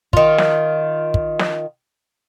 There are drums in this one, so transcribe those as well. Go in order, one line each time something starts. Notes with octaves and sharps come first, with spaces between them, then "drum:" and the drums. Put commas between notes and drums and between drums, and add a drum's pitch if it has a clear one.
D#3 F4, drum: kick
drum: snare
drum: kick
drum: snare